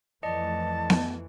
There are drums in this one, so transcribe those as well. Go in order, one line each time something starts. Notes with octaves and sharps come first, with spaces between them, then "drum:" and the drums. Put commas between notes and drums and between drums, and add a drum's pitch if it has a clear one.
F2 E3 A3 D5 D#5 A5 C#7
drum: snare B3